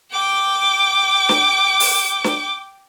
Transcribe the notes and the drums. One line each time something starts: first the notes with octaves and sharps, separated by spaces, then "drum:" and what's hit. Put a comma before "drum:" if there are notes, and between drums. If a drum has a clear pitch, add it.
G5 D6
drum: snare
drum: open hi-hat
drum: snare